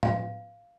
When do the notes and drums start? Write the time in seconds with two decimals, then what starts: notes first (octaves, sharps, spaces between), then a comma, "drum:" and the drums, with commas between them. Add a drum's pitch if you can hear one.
0.03 F5, drum: tom